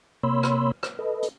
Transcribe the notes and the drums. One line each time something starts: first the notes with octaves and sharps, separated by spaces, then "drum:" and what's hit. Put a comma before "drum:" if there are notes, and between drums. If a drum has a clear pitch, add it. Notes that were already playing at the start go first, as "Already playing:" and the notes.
C3 A#3 C#5 B5 C6 E6
drum: rim click
drum: rim click
A4 B4 D#5
drum: hi-hat